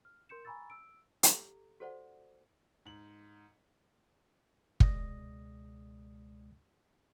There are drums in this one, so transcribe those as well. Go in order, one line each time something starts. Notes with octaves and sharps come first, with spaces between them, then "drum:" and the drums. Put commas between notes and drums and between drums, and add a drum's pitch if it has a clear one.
F6
A#4 C6 G6 C#7 E7
G#5 A#5 B5 C#6 E6 A6
E6 D7
G4 A4 A#5, drum: hi-hat
F#4 A4 C5 D5 F#5
G#2 F#7
C#2 B2 G#3 D5 D#6 A#6, drum: kick